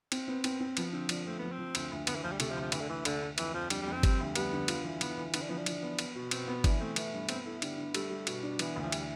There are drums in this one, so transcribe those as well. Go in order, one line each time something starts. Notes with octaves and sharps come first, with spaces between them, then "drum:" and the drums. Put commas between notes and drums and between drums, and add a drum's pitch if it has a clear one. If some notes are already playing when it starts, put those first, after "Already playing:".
C4, drum: cymbal
B3 C4
B3 C4, drum: cymbal
C4
F3 B3, drum: cymbal
D3 C4
F3 D4, drum: cymbal
A3 C4
F3 B3
C4
F3
D2, drum: cymbal
D2
D2 B3, drum: cymbal
E3
D2 F3
G3
C3 A3, drum: cymbal
F3
D2
F3
D2 E3, drum: cymbal
D3
D2 E3
D2 D3, drum: cymbal
D2
F2 E3, drum: cymbal
F2 F3
D3 G3, drum: cymbal
G3
F2
C4
G3, drum: kick G1, cymbal
D2
G3 B3, drum: cymbal
D3
F4, drum: cymbal
E3
E3 B3, drum: cymbal
E3
D3 B3, drum: cymbal
D4
F3 B3
D4
F3, drum: cymbal
B3
B3, drum: cymbal
B2
B2 C4, drum: cymbal
B3
E3 D4, drum: kick G1, cymbal
A3 C4
E3 B3, drum: cymbal
G2
B3 C4, drum: cymbal
A3 E4
D3 G3, drum: cymbal
D3
G3 A3, drum: cymbal
G3
B2, drum: cymbal
D4
E3 B3, drum: cymbal
D2
F3
G3, drum: cymbal